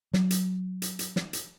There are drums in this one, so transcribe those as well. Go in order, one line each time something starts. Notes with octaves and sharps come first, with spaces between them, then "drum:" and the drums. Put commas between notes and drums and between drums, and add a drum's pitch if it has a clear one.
F#3, drum: snare
drum: hi-hat
drum: hi-hat
drum: hi-hat
drum: snare
drum: hi-hat